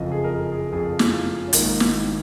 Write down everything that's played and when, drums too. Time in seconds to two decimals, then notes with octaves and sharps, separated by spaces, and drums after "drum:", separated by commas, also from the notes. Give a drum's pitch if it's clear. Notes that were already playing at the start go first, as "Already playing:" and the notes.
Already playing: F#1 F2 F3 D#5
0.12 G#4
0.24 A#4
0.32 G#4
0.52 G#4
0.72 F#1 F2 F3 G#4
0.99 drum: snare
1.13 F4
1.48 C#4
1.53 G#1 G#2 D#3 A#3 D#4, drum: hi-hat
1.80 drum: snare